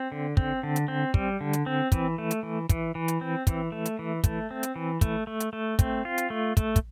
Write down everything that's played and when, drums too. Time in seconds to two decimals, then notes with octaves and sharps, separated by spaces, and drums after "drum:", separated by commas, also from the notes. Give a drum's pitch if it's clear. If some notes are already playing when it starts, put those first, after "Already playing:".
Already playing: C4
0.12 D3
0.37 C4, drum: kick
0.63 D3
0.76 drum: hi-hat
0.88 C4
1.14 G3, drum: kick
1.41 D3
1.53 drum: hi-hat
1.66 C4
1.92 E3, drum: kick, hi-hat
2.18 A3
2.31 drum: hi-hat
2.43 E3
2.69 E3, drum: kick, hi-hat
2.95 E3
3.08 drum: hi-hat
3.21 C4
3.47 E3, drum: kick, hi-hat
3.72 A3
3.85 drum: hi-hat
3.99 E3
4.24 A3, drum: kick, hi-hat
4.51 C4
4.63 drum: hi-hat
4.76 E3
5.01 A3, drum: kick, hi-hat
5.27 A3
5.40 drum: hi-hat
5.53 A3
5.79 C4, drum: kick, hi-hat
6.05 F4
6.18 drum: hi-hat
6.30 A3
6.57 A3, drum: kick, hi-hat
6.76 drum: kick, hi-hat